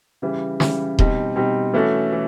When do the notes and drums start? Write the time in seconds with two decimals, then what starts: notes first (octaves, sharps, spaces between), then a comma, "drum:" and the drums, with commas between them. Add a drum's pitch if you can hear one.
0.22 C#3 E3 G3
0.60 C#3 E3 G3, drum: snare
0.99 B2 G3 C4 D#4, drum: kick D#1
1.36 B2 G3 C4 D#4
1.74 E3 A3 C#4 F#4 A4
2.13 E3